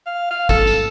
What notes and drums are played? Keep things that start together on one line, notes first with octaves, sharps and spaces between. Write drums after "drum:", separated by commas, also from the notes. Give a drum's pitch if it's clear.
F5
F5
A4, drum: kick G1, tambourine
drum: tambourine